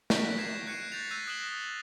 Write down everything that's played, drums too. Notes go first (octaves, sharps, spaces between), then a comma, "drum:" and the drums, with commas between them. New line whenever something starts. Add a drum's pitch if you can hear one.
C#6 F#6 G6 A#6 B6 D7, drum: snare
G#6 C7 E7
F#6 G#6 C7 C#7 D#7
G6 A6 A#6 F7
E6 F#6 G6 A#6 D#7
D#6 F#6 D7 E7 F#7 G7